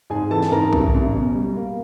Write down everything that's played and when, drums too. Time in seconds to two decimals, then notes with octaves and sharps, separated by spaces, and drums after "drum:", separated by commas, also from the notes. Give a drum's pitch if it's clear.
0.10 G#2 G#4 G#5
0.31 E3 A4 A5
0.42 A5, drum: snare
0.52 G#2 A#4 A#5
0.73 A1, drum: kick
0.94 A1
1.14 B2
1.35 G3
1.57 A#3